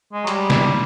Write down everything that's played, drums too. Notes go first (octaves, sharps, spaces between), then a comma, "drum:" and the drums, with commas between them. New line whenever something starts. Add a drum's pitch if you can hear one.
G#3
F#3
G3, drum: hi-hat
drum: snare